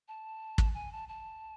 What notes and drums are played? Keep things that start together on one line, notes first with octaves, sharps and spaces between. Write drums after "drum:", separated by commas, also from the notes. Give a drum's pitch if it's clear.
A5
drum: kick
G#5
A5
A5